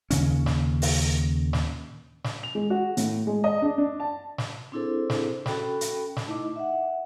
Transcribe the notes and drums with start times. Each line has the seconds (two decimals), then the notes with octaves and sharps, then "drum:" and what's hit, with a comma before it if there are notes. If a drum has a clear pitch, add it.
0.11 D#2 C#3 C#4, drum: hi-hat
0.46 drum: snare
0.82 drum: open hi-hat
1.53 drum: snare
2.24 drum: snare
2.43 F7
2.55 G#3
2.70 F#4
2.97 A2, drum: hi-hat
3.27 G#3
3.44 D#5
3.62 D4
3.78 D4
4.00 A5
4.38 drum: snare
4.72 C4 D4 E4 G#4 A4 C5
5.10 drum: snare
5.46 C#4 F#4 A4 G5 B5, drum: snare
5.81 drum: hi-hat
6.17 drum: snare
6.26 A3 D#4 E4 D#5 D6
6.56 E5 F#5